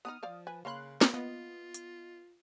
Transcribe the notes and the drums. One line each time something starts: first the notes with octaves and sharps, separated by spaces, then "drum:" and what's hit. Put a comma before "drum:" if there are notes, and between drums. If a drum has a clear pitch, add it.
B3 D4 D#4 D#6 F6
F3 C5 D5 F5
B4 G#5
C#3 A#3 C#5 F5 B5 C6 F#6
drum: snare
A#3 B3 F4 D#5
drum: hi-hat